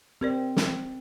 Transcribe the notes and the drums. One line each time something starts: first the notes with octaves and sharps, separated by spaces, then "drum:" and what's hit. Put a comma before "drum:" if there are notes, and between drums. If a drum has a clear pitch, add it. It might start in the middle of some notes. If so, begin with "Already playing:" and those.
C4 G4 A#4 D5
drum: snare